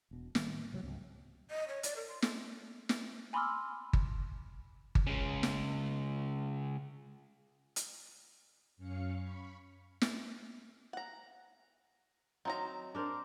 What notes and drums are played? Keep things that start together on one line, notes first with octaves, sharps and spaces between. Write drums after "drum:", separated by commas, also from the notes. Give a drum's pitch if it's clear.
E1 B2
A2 D#3 G3 A#3, drum: snare
D1 C3 F#3 G3
C#2 G#2 C3
D#5
C#5
D5, drum: hi-hat
A#4
C6
A4, drum: snare
drum: snare
G#5 B5 C6 D6 E6 F6
drum: kick G1
drum: kick G1
C#3 G#3
drum: snare
drum: hi-hat
F#2 C#4 F5 C#7
B5 C#6
drum: snare
F#5 A#5
D#3 F#3 C4 A#5
D4 A#4 C5